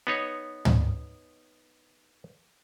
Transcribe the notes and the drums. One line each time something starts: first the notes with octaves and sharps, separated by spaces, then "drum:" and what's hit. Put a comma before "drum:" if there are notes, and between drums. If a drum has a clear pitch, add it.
B3 D#4 C#5
drum: tom